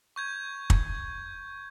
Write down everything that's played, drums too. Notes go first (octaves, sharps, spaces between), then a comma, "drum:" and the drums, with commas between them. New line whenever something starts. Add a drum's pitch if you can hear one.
C#6 G6 G#6
drum: kick